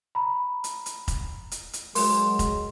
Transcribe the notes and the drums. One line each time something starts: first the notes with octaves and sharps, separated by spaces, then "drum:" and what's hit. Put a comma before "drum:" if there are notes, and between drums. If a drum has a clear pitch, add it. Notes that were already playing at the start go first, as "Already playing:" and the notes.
A#5 B5
drum: hi-hat
drum: hi-hat
drum: kick F1, hi-hat
drum: hi-hat
drum: hi-hat
F#3 G#3 A#4 C6, drum: open hi-hat
drum: kick F1, hi-hat